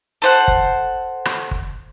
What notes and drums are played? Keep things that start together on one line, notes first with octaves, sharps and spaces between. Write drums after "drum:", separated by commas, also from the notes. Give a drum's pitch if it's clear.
A4 C5 F#5
drum: kick G1
drum: rim click
drum: kick G1